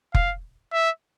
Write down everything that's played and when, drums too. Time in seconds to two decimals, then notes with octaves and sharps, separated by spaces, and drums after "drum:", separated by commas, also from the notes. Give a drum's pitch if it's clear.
0.15 F5, drum: kick F1
0.73 E5